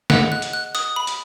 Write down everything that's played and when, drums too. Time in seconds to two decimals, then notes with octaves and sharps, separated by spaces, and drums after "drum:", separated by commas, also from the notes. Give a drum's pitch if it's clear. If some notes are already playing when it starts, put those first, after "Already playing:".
0.10 G#4 D#5 F#5 F#6, drum: snare
0.32 F#6
0.42 drum: hi-hat
0.53 F#6
0.75 D#6, drum: hi-hat
0.96 B5
1.07 drum: hi-hat